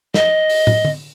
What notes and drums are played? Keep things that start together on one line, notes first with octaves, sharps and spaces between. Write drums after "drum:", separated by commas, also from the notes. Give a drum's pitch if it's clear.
D#5, drum: snare
drum: open hi-hat
drum: tom
drum: tom D3